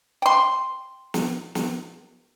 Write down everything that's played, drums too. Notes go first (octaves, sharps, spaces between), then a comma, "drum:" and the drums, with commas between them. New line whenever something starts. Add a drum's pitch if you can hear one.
G5 C6
drum: snare
drum: snare